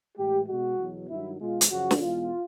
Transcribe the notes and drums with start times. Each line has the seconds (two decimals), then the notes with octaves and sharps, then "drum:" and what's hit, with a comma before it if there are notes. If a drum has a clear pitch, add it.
0.17 A2 E3 G#3 G4
0.48 B2 G#3 F#4
0.79 E2 B2 F#3
1.10 G2 D#3 F#3 E4
1.40 B2 G#3 F4
1.61 drum: hi-hat
1.70 F#2 C#3 F3 F#4
1.91 drum: snare
2.01 E2 B2 G#3 F4